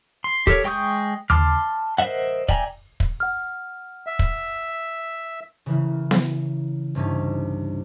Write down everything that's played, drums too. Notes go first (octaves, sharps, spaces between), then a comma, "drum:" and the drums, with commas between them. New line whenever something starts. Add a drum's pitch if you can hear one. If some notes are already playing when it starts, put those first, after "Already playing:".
C6
G4 A4 A#4 C#5, drum: kick
G#3 G5 C#6 D#6 G6
A5 C6 D6 F6, drum: tom D#2
A#4 C5 D#5 E5 F#5
D5 E5 G5 G#5 A#5, drum: kick
drum: kick
F#5 F6
E5
drum: kick
C#3 E3 A#3
drum: snare B3
C2 G2 C#4 D#4